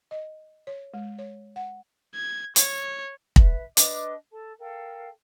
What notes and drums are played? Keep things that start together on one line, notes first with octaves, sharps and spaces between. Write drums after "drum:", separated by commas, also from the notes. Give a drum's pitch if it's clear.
D#5
C#5
G#3
C#5
F#5
G#6
C#5, drum: hi-hat
B4 E5, drum: kick
D4 B4 D#5 D6, drum: hi-hat
A4 A5
A4 A#4 F5 G5